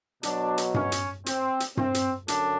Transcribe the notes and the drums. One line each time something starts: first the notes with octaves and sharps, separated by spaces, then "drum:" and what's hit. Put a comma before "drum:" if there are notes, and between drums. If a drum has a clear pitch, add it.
B2 F#3 D4, drum: hi-hat
drum: hi-hat
C#4, drum: tom G2
drum: hi-hat
C4, drum: hi-hat
drum: hi-hat
C4, drum: tom G2
drum: hi-hat
F#2 D3 D4, drum: hi-hat